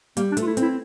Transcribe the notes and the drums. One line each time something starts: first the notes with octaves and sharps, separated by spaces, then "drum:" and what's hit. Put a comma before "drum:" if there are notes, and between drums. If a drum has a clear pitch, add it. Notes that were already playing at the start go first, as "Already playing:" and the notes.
G3 A#3, drum: hi-hat
D4
A3 F4, drum: hi-hat
E4
C4, drum: hi-hat
E4